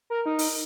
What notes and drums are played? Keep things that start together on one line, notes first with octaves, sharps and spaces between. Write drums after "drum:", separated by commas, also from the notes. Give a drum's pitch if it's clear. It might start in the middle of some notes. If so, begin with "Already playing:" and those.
A#4
D#4
drum: open hi-hat